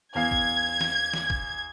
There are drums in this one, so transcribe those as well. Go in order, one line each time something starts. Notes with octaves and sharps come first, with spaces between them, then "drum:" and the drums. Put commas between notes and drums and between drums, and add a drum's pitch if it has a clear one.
E2 F5 G#6 C7
drum: kick
drum: snare
drum: snare
drum: kick